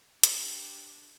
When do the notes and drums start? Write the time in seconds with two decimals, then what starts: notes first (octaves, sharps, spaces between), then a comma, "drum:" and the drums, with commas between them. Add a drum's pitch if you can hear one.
0.23 D4 G4, drum: hi-hat